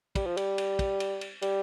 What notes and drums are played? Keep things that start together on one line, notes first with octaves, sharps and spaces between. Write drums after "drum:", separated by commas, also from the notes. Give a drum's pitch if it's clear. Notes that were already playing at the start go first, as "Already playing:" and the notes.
G3, drum: kick, cymbal
F3
G3, drum: cymbal
drum: cymbal
drum: kick, cymbal
drum: cymbal
drum: cymbal
G3, drum: cymbal